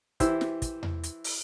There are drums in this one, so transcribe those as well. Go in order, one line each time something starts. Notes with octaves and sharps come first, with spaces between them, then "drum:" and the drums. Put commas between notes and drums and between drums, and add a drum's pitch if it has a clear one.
E3 E4 G4 C5 E6, drum: kick, hi-hat
drum: snare
drum: kick, hi-hat
drum: tom E2
drum: hi-hat
drum: open hi-hat